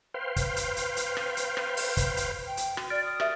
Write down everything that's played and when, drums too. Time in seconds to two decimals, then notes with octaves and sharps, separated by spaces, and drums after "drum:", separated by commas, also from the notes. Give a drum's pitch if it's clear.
0.14 B4 C5 F5 G5 C6
0.36 drum: kick, hi-hat
0.56 drum: hi-hat
0.77 drum: hi-hat
0.97 drum: hi-hat
1.17 drum: rim click
1.37 drum: hi-hat
1.57 drum: rim click
1.77 drum: open hi-hat
1.97 drum: kick, hi-hat
2.17 drum: hi-hat
2.46 G5
2.57 drum: hi-hat
2.77 F#4, drum: rim click
2.90 D5 F6 A6 D7
3.04 D#6
3.20 G4 A#4 E5, drum: rim click